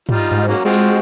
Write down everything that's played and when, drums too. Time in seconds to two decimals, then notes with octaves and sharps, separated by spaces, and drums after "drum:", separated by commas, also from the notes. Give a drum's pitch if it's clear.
0.09 G3 D#4 F4, drum: tom G2
0.31 G#2
0.48 F#3 A#3 C#4
0.65 G#3 C4 F4 F#4
0.74 drum: hi-hat